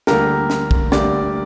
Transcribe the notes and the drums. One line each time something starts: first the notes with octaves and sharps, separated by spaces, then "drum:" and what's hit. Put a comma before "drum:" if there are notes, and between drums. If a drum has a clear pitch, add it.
D2 D3 G3 A#3 G4 A#4, drum: snare
drum: snare
drum: kick
D2 D3 G3 A#3 G4 D5, drum: snare